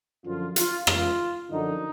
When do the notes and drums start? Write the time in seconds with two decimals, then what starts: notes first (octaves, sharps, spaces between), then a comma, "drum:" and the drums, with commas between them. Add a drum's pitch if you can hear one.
0.25 F#2 D3 F3 F4
0.56 F4, drum: hi-hat
0.87 C#2 C#3 E3 F4, drum: rim click
1.50 F#2 D3 F3 D#4